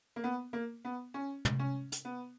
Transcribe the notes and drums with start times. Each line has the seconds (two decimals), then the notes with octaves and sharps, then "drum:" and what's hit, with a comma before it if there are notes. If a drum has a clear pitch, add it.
0.16 A#3
0.24 B3
0.53 A#3
0.85 B3
1.14 C#4
1.45 drum: tom
1.59 C#4
1.92 drum: hi-hat
2.05 B3